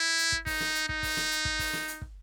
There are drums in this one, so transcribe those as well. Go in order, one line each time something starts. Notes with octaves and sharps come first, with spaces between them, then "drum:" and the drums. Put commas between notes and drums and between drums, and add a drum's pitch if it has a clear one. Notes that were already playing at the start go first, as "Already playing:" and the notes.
Already playing: E4
drum: hi-hat
drum: kick
D#4, drum: kick, open hi-hat
drum: snare
drum: hi-hat
D#4, drum: kick
drum: kick, open hi-hat
drum: snare
drum: hi-hat
drum: kick
drum: kick, open hi-hat
drum: snare
drum: hi-hat
drum: kick